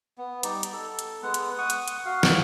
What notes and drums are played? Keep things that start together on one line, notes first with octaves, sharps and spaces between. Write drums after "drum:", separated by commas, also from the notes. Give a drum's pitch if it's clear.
B3
G3 D#4 D5, drum: hi-hat
drum: hi-hat
A4
drum: hi-hat
G#3 B3 F#5
drum: hi-hat
F#5 C#6 D#6
drum: hi-hat
drum: hi-hat
F#4 F5
drum: snare